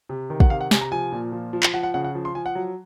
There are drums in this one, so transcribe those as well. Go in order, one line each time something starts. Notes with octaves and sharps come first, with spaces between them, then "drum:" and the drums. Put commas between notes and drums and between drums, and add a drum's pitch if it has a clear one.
C3
D#3
F#5, drum: kick
C3 F5
F#5
C3 G#5, drum: snare
A#5
F3 G#5
A#2
F3
F3
drum: clap
F3 F#5
F#5
C#3 F#5
F#5
F3
C6
F3 G#5
F#5
F#3